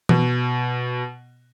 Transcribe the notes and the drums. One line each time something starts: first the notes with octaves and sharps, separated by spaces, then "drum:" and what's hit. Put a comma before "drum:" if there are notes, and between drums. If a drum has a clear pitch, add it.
B2, drum: tom E3